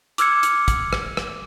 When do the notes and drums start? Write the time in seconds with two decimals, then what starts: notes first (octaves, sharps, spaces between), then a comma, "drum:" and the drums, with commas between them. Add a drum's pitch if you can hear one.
0.18 D6 E6 F6 G#6 C#7, drum: hi-hat
0.43 drum: hi-hat
0.68 drum: kick, hi-hat
0.93 drum: rim click
1.17 drum: rim click